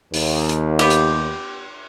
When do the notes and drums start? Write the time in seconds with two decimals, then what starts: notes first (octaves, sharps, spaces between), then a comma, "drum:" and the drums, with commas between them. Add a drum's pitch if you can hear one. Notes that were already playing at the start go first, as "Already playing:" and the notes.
0.13 D#2, drum: open hi-hat
0.49 drum: hi-hat
0.79 B3 G4, drum: cymbal
0.90 drum: hi-hat